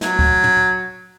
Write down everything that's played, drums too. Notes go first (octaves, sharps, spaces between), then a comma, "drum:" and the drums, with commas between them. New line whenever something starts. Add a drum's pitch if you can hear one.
F#3, drum: snare
drum: kick C#2
drum: tom